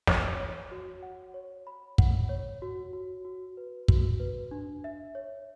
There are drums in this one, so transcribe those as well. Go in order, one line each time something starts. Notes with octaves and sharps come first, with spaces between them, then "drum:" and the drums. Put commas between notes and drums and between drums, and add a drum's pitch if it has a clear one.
C#5, drum: snare
C#5
F#4
F#5
C#5
B5
F#5, drum: kick
C#5
F#4
F#4
F#4
B4
F#4, drum: kick
B4
D4
E5
C#5